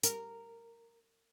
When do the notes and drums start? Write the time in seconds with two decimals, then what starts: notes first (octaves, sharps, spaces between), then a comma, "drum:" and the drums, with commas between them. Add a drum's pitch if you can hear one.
0.03 A#4, drum: hi-hat